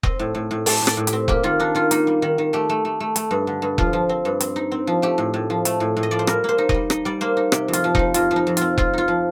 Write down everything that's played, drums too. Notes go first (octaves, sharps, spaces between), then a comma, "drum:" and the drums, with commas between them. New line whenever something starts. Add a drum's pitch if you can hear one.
C4 D#5, drum: kick E1
A2
A2
A2
A3 D5, drum: open hi-hat
A2
D5, drum: rim click
A2
G4, drum: hi-hat
C4
A#3 G4, drum: kick E1
D#3 F4
D4 D#4
D#3 F4
A#3 D#4, drum: hi-hat
G3
D#3
D#3
A3 G4
A3
A3
A3
A3, drum: hi-hat
G2
D3
G2
F3 F4, drum: kick E1
F3
C4
G2
C4, drum: hi-hat
D#4
C4
F3
A3 G4
A2
A2
F3
A3, drum: hi-hat
A2
A2
D#5
F3 D5
C5
G3 A#4, drum: rim click
A#3 C5
D#4
D#5, drum: kick E1
G3
D#4 D#5, drum: rim click
G3 D5
A#3 C5
D#4
C3 G4, drum: rim click
F2
F4, drum: hi-hat
F3
F3 D#4, drum: kick E1
F2 F4, drum: hi-hat
F3
D#4
F2
C4 F4, drum: hi-hat
C4 F4, drum: kick E1
D#4 F4
F3